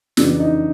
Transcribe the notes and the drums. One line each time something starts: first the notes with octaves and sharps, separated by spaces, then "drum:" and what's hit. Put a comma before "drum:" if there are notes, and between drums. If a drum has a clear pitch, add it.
F2 C#3 E3 D4, drum: snare
D#4